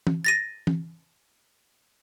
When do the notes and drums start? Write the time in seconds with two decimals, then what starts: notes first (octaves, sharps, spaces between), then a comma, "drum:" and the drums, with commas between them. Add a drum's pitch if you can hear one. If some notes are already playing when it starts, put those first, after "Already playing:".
0.07 drum: tom
0.25 A6 A#6 D#7
0.67 drum: tom